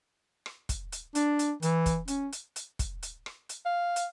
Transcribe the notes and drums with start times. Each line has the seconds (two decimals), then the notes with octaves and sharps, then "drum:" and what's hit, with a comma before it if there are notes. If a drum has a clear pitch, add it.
0.46 drum: rim click
0.69 drum: kick, hi-hat
0.92 drum: hi-hat
1.15 D4, drum: hi-hat
1.39 drum: hi-hat
1.63 E3, drum: hi-hat
1.86 drum: kick, hi-hat
2.08 C#4, drum: hi-hat
2.33 drum: hi-hat
2.56 drum: hi-hat
2.79 drum: kick, hi-hat
3.03 drum: hi-hat
3.26 drum: rim click
3.49 drum: hi-hat
3.65 F5
3.96 drum: hi-hat